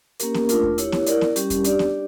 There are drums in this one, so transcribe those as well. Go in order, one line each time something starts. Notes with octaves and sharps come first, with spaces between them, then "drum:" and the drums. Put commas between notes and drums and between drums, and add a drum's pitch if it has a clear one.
A#3 C#4 G4 A#4, drum: hi-hat
drum: snare B3
A3 D4 F4 A#4, drum: hi-hat
drum: kick E2
E4 G4 C#5, drum: hi-hat
drum: snare B3
E4 A#4 D5, drum: hi-hat
drum: snare B3
G3 C#4 G4, drum: hi-hat
drum: kick E2, hi-hat
D4 G4 D5, drum: hi-hat
drum: snare B3